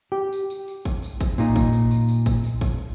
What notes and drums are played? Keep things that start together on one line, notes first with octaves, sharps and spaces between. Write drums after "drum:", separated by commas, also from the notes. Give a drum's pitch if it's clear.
G4
drum: tambourine
drum: tambourine
drum: tambourine
drum: kick, tambourine
drum: tambourine
drum: kick, tambourine
A#2 D#4, drum: tambourine
drum: kick, tambourine
drum: tambourine
drum: tambourine
drum: tambourine
drum: kick, tambourine
drum: tambourine
drum: kick, tambourine